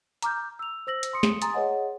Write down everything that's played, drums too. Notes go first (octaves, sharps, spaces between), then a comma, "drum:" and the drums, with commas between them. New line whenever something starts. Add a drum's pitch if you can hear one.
A#5 D6 F6 G6, drum: hi-hat
E6 F7
C5 E6 A#6 F#7
drum: hi-hat
C6 D#6 C#7
drum: snare
G#5 A#5 C6 D#6 A6, drum: hi-hat
G#4 B4 C#5 D#5 F#5